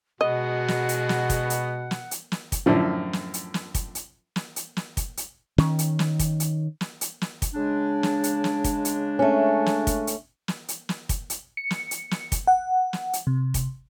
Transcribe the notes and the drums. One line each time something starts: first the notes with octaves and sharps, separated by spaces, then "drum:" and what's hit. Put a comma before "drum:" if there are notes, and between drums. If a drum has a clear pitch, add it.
B2 G#3 B3 F#4 D#5 F#5
drum: snare
drum: hi-hat
drum: snare
drum: kick, hi-hat
drum: hi-hat
drum: snare
drum: hi-hat
drum: snare
drum: kick, hi-hat
F#2 A2 D3 F3
drum: snare
drum: hi-hat
drum: snare
drum: kick, hi-hat
drum: hi-hat
drum: snare
drum: hi-hat
drum: snare
drum: kick, hi-hat
drum: hi-hat
D#3 C#4, drum: snare
drum: hi-hat
drum: snare
drum: kick, hi-hat
drum: hi-hat
drum: snare
drum: hi-hat
drum: snare
drum: kick, hi-hat
C#3 G#3 D4
drum: snare
drum: hi-hat
drum: snare
drum: kick, hi-hat
drum: hi-hat
A3 C#4
drum: snare
drum: kick, hi-hat
drum: hi-hat
drum: snare
drum: hi-hat
drum: snare
drum: kick, hi-hat
drum: hi-hat
C#7
drum: snare
drum: hi-hat
drum: snare
drum: kick, hi-hat
F#5
drum: snare
drum: hi-hat
C3
drum: kick, hi-hat